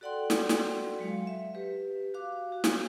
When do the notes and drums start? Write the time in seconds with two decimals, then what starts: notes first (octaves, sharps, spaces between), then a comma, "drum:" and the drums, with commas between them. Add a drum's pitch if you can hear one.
0.01 F#4 A4 D5 F#5 G5 C6
0.30 drum: snare
0.49 drum: snare
0.99 F#3 G#3 F5
1.27 E5
1.55 G4 B4
2.14 F#4 F5 D6
2.52 F#4
2.64 drum: snare